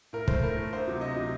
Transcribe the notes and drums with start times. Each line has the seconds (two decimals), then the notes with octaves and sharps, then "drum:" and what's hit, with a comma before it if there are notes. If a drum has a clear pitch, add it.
0.13 A2 A#4
0.28 A3 C5, drum: kick
0.42 A2 A#4
0.57 A3
0.73 D2 C5
0.88 C3 F#3
1.01 D2 D#5
1.16 C3 F#3